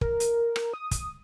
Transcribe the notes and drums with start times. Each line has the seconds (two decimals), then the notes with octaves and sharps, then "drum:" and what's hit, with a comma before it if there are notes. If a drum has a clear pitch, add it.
0.01 A#4, drum: kick
0.20 drum: hi-hat
0.56 drum: rim click
0.74 D#6
0.91 drum: kick, hi-hat